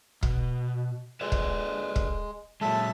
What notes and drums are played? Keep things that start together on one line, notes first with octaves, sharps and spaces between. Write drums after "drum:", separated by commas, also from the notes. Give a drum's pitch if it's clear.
B2, drum: kick
G#3 A4 B4 D5
drum: kick
drum: kick
A#2 F#3 G#3 A4 E5 A5